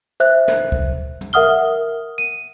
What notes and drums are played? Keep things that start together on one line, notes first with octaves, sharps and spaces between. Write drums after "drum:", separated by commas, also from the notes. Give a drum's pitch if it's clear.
C5 E5 F#6
drum: snare
drum: kick C#2
drum: tom
A#4 E5 F#5 D#6 F6 G7
D#7